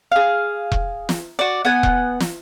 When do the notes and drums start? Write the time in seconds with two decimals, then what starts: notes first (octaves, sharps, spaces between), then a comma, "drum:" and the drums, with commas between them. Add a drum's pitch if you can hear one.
0.12 G#4 F5
0.72 drum: kick E1
1.09 drum: snare
1.39 F#4 D5
1.65 B3 F#5 G#5
1.83 drum: kick E1
2.20 drum: snare